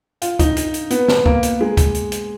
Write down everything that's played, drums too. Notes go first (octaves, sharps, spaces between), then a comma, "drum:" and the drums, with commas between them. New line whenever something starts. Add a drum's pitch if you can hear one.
F4, drum: hi-hat
D#4, drum: kick C#2, hi-hat
drum: hi-hat
drum: hi-hat
B3, drum: hi-hat
drum: snare
A#3, drum: kick C#2
drum: hi-hat
G#3
drum: kick C#2, hi-hat
drum: hi-hat
drum: hi-hat